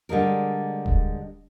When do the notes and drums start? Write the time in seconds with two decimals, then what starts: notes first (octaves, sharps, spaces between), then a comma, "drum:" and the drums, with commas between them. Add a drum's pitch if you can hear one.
0.09 D3 G3 G#3 A#4
0.86 drum: kick D#1